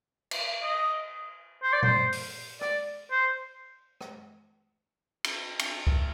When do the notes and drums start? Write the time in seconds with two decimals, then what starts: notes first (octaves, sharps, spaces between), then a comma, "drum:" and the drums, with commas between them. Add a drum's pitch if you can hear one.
0.31 drum: cymbal
0.63 D#5
1.63 C5
1.73 D5
1.83 C5, drum: tom A#2
2.12 drum: open hi-hat
2.61 D5, drum: rim click
3.11 C5
4.01 drum: rim click
5.24 drum: cymbal
5.59 drum: cymbal
5.87 drum: kick C#2